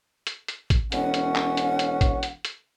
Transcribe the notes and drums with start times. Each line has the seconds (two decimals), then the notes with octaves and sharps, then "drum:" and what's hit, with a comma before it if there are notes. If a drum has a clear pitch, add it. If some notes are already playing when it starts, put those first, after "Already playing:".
0.27 drum: hi-hat
0.48 drum: hi-hat
0.70 drum: kick A1, hi-hat
0.92 E1 C#4 F#5, drum: hi-hat
1.14 drum: hi-hat
1.36 drum: clap
1.57 drum: hi-hat
1.79 drum: hi-hat
2.01 drum: kick A1, hi-hat
2.23 drum: hi-hat
2.45 drum: hi-hat